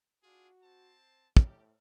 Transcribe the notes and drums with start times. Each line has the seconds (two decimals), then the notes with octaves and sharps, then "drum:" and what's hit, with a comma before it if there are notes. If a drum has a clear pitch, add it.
0.24 D4 F4 F#4 G#4
0.63 C4 C5 A5
1.37 A2 G4, drum: kick